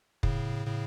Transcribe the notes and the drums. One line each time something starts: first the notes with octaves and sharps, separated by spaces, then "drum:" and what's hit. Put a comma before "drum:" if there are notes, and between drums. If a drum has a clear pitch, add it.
A2 C#3, drum: kick
A2 C#3